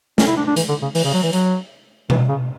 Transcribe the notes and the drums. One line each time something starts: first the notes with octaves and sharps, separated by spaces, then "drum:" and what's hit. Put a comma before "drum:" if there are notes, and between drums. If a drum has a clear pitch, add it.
C#4, drum: snare
E4
D4
D4
E3, drum: hi-hat
D3
C#3
E3, drum: open hi-hat
C#3
F#3
E3
F#3, drum: hi-hat
E3, drum: tom B2
C#3